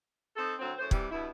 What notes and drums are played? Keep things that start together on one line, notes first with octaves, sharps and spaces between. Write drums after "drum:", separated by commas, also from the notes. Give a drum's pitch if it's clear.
C4 D#4 A4
D2 F#3 C4
F#2 A2 C5
C3 E3 G3, drum: kick
G2 B2 E4